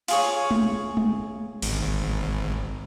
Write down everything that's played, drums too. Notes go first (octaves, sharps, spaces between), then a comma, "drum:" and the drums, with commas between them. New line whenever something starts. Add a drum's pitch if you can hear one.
F4 G#4 C#5, drum: open hi-hat
drum: tom G#3
drum: tom G#3
G#1, drum: open hi-hat